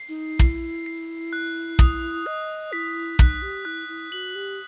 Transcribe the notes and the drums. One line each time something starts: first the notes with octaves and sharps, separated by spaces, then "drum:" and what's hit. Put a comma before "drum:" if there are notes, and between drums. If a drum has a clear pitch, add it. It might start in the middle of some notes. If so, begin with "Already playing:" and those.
Already playing: C7
D#4
E4 C7, drum: kick
C7
F#6
D#6, drum: kick
D#5 F#6
E4 B6
D#4 F#6, drum: kick
G4
E4 F#6
E4
F#4 F#7
G4